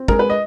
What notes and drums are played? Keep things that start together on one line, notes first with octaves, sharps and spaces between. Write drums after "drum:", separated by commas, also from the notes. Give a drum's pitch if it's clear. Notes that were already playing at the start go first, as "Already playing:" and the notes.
Already playing: C4
G#3 A#4, drum: kick
B4
D#5